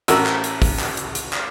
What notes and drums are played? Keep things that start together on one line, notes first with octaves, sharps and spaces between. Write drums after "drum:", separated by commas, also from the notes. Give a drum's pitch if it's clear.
A1 F#4 A#4 E6, drum: hi-hat
drum: clap
drum: hi-hat
drum: kick, open hi-hat
drum: clap
drum: hi-hat
drum: hi-hat
drum: clap